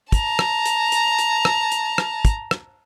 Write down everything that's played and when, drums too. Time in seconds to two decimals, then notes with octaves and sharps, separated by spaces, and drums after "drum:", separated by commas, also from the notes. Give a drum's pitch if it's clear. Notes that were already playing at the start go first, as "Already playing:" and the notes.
0.12 A5 A#5, drum: kick, hi-hat
0.39 drum: rim click
0.65 drum: hi-hat
0.92 drum: hi-hat
1.19 drum: hi-hat
1.45 drum: rim click
1.72 drum: hi-hat
1.98 drum: rim click
2.25 drum: kick, hi-hat
2.51 drum: rim click